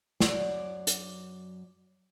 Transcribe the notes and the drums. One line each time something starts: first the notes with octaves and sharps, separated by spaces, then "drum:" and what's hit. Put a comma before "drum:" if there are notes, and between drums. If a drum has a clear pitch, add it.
F#2 F#3 D5, drum: snare
drum: hi-hat